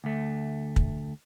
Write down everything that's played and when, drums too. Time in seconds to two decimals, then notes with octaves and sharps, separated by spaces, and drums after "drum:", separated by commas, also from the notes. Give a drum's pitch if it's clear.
0.04 D2 A3
0.76 drum: kick